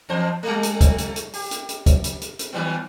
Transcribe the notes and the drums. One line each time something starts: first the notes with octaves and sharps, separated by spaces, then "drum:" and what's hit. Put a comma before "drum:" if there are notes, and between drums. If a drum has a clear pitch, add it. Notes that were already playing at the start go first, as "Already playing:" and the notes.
E2 C5
G3 A3
drum: hi-hat
drum: kick, hi-hat
drum: hi-hat
drum: hi-hat
G4, drum: open hi-hat
drum: hi-hat
drum: hi-hat
drum: kick, hi-hat
drum: hi-hat
drum: hi-hat
drum: hi-hat
D#3 G3 B3